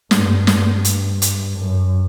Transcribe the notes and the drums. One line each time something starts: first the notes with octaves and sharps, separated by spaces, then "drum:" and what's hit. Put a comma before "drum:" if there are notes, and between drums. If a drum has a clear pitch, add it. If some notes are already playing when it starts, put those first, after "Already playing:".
G2, drum: snare
G2, drum: snare
drum: hi-hat
drum: hi-hat
F#2